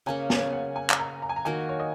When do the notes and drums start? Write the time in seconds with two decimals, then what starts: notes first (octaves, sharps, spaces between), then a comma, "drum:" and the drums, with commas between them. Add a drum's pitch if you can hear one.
0.06 C#3 A#3 C#4 G#5
0.30 G#5, drum: snare
0.53 F#5
0.76 G#5
0.90 G#5, drum: clap
0.99 A#5
1.22 A#5
1.29 G#5
1.36 A#5
1.45 D#3 A#3 F#4 G#5
1.69 C#5
1.80 D#5